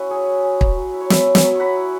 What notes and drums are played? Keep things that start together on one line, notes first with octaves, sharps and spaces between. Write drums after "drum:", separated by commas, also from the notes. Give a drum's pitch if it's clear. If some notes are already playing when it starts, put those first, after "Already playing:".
Already playing: C#4 E4 F#4 B4
F#3 G#4 C#5
E4
C#4
F#3, drum: kick
F#3
E4
C#5
C#4 B4 E5, drum: snare
F#3
E5 G#5, drum: snare
F#3
F#3 F#5 B5 C#6
E4